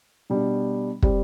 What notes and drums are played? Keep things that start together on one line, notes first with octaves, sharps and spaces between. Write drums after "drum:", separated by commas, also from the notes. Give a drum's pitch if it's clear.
B2 G3 D4
G3 C4 G4, drum: kick